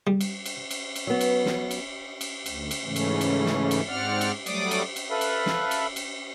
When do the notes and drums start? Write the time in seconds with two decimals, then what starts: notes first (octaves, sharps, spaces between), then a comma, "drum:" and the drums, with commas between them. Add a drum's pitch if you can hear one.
0.07 G3
0.21 drum: cymbal
0.46 drum: cymbal
0.71 drum: cymbal
0.96 drum: cymbal
1.07 F#3 B3
1.21 drum: cymbal
1.46 drum: snare
1.71 drum: cymbal
2.21 drum: cymbal
2.46 D2, drum: cymbal
2.71 drum: cymbal
2.84 G#2 C#3 E3 A3 C#4
2.96 drum: cymbal
3.21 drum: cymbal
3.46 drum: snare
3.71 drum: cymbal
3.88 G#2 C4 D5 F#5 F6
4.21 drum: cymbal
4.46 F#3 G3 A3 D5 D6 D#6, drum: cymbal
4.71 drum: cymbal
4.96 drum: cymbal
5.11 A4 B4 E5 F5 B5
5.21 drum: cymbal
5.46 drum: snare
5.71 drum: cymbal
5.96 drum: cymbal